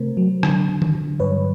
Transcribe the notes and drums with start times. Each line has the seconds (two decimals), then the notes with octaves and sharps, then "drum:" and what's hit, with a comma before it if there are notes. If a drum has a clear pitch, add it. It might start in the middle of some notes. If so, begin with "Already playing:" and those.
Already playing: C3 A3 A#4 C5
0.17 F#3
0.43 D3, drum: rim click
0.69 D3
0.82 drum: tom D#3
0.95 D3
1.20 G2 B4 C#5